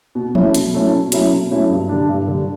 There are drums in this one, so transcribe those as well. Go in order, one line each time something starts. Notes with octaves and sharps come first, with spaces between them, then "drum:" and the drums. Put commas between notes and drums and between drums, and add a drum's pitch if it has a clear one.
B2
F#3 A3 C#4 E4, drum: tom F3
B2, drum: hi-hat
F#3 A3 C#4 E4
B2
F#3 A3 C#4 E4, drum: hi-hat
B2
F#3 A3 C#4 E4
G2
D3 G3 D4
G2
D3 G3 D4